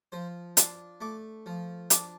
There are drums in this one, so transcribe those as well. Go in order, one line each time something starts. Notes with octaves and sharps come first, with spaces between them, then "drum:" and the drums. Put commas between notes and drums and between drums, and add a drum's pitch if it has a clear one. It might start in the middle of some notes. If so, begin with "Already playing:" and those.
F3 C5
D4 C6, drum: hi-hat
A3 D6
F3
D4 D6, drum: hi-hat